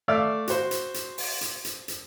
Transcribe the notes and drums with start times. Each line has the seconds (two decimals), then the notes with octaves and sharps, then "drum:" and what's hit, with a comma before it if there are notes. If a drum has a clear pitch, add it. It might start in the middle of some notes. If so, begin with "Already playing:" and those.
0.08 A3 D5 E5 F5 E6
0.48 F#4 C5, drum: hi-hat
0.71 drum: hi-hat
0.94 drum: hi-hat
1.18 drum: open hi-hat
1.41 drum: hi-hat
1.65 drum: hi-hat
1.88 drum: hi-hat